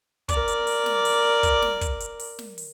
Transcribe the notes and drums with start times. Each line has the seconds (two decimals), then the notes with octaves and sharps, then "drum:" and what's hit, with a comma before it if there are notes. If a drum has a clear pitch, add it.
0.29 A#4 D5, drum: kick, hi-hat
0.48 drum: hi-hat
0.67 drum: open hi-hat
0.86 drum: snare
1.05 drum: open hi-hat
1.43 drum: kick, hi-hat
1.62 drum: snare
1.81 drum: kick, hi-hat
2.00 drum: hi-hat
2.19 drum: open hi-hat
2.39 drum: snare
2.58 drum: open hi-hat